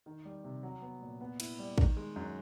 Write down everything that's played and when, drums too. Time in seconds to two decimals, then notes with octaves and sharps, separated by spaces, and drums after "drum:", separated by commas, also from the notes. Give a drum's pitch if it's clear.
0.06 D#3
0.25 G3
0.44 C3
0.63 F#3
0.82 B3
1.01 A#2
1.21 B3
1.40 E4, drum: cymbal
1.59 G3
1.78 D#3, drum: kick
1.97 G#3
2.16 F#2